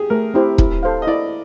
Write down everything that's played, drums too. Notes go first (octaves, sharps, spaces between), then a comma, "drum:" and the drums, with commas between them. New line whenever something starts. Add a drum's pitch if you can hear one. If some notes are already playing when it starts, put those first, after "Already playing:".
Already playing: G4 G#4
A3 A#4
C4 E4 G4 C5
E4, drum: kick
A4 C5 F5
D#5
E4 D5